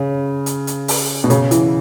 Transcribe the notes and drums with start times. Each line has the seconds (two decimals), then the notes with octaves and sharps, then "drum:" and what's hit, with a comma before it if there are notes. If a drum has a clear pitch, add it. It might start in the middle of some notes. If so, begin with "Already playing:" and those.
Already playing: C#3
0.46 drum: hi-hat
0.67 drum: hi-hat
0.88 drum: open hi-hat
1.24 B2
1.30 C#3, drum: hi-hat
1.51 E3, drum: hi-hat